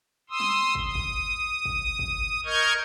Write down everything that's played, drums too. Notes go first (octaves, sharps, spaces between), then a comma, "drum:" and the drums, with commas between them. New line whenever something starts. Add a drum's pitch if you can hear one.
C6 D#6 E6
drum: snare
drum: kick
D#6
drum: kick
drum: kick
drum: kick
A#4 D#5 C#6 F6 G6 G#6